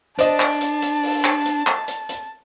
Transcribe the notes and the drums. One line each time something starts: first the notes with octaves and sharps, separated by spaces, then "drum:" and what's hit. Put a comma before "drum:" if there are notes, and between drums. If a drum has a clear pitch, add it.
D4 C5 D#5 A5, drum: hi-hat
drum: clap
drum: hi-hat
drum: hi-hat
drum: open hi-hat
drum: clap
drum: hi-hat
drum: clap
drum: hi-hat
drum: hi-hat